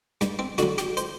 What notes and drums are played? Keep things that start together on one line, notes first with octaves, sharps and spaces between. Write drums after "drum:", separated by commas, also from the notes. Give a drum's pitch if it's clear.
G2, drum: snare
C4
D3 F#3 F#4, drum: snare
G4, drum: snare
C5, drum: hi-hat